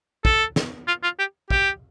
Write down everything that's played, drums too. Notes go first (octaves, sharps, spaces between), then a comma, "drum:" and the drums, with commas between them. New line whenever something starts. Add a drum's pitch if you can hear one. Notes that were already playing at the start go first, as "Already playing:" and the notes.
A4, drum: kick
drum: snare
F4
F4
G4
G4, drum: kick